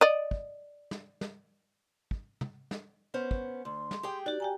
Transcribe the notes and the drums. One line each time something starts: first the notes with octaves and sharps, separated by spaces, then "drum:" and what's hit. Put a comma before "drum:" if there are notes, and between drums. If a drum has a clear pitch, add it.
D5 D#5
drum: kick
drum: snare
drum: snare
drum: kick
drum: tom
drum: snare
B3 C#4 C5
drum: kick
D2 C6
drum: snare
G4 G#4 G5
D#4 F#4 G4 D5
G4 G5 G#5 A#5